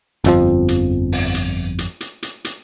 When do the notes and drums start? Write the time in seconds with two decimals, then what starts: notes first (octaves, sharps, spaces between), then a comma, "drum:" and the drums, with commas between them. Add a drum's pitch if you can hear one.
0.24 G1 F2 F3, drum: hi-hat
0.68 drum: hi-hat
1.12 drum: open hi-hat
1.34 drum: hi-hat
1.78 drum: hi-hat
2.00 drum: hi-hat
2.23 drum: hi-hat
2.45 drum: hi-hat